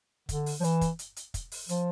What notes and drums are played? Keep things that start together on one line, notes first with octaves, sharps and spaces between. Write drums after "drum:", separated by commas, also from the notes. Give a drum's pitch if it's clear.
D3, drum: kick, hi-hat
drum: open hi-hat
F3
E3, drum: hi-hat
drum: kick, hi-hat
drum: hi-hat
drum: hi-hat
drum: kick, hi-hat
drum: open hi-hat
F3, drum: hi-hat